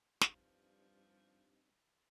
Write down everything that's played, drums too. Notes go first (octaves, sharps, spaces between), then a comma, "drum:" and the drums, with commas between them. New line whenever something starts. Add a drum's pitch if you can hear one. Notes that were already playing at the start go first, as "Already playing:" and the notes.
G2 F3 G3 C4 D#4, drum: snare